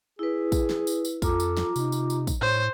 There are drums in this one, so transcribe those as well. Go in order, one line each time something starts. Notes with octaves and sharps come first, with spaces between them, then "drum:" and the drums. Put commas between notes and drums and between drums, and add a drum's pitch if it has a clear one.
E4 G#4 B4
drum: kick, tambourine
drum: snare
drum: tambourine
drum: tambourine
F2 F4 A4 A#5 D6, drum: kick, tambourine
drum: tambourine
drum: snare
C3 D#4, drum: tambourine
drum: tambourine
drum: tambourine
drum: kick, tambourine
A2 C5 C#5